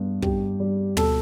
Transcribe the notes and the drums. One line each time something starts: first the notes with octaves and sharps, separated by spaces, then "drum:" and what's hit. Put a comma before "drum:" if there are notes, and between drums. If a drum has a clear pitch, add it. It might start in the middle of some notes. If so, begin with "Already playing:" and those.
Already playing: G2 B3
G2 G4, drum: kick
G3
B2 A4, drum: tom